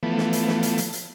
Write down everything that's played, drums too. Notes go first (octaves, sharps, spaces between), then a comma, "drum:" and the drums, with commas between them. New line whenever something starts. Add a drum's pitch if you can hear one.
E3 F3 A3 B3
drum: snare
drum: hi-hat
drum: snare
drum: hi-hat
drum: hi-hat
drum: hi-hat